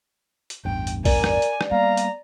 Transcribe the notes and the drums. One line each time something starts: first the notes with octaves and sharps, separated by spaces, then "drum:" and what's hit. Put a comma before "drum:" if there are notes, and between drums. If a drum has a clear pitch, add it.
drum: hi-hat
A1 E2 G2 G5
drum: hi-hat
A#4 D5 G#5, drum: kick A#1, open hi-hat
drum: rim click
drum: hi-hat
drum: rim click
G3 A#3 B3 F5 A#5
drum: hi-hat